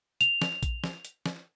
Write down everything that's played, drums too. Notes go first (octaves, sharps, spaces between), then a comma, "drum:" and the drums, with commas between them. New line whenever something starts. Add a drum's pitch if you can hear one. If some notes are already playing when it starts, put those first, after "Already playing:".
F7, drum: hi-hat
drum: snare
drum: kick A#1, hi-hat
drum: snare
drum: hi-hat
drum: snare